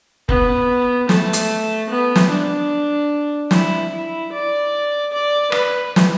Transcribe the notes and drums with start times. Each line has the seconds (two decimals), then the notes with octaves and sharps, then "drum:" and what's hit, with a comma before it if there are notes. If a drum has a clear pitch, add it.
0.29 B3, drum: kick F#1
1.09 A3, drum: snare
1.33 drum: hi-hat
1.90 B3
2.16 drum: snare
2.30 D4
3.51 E4, drum: snare
3.91 E4
4.32 D5
5.12 D5
5.52 B4, drum: rim click
5.96 drum: snare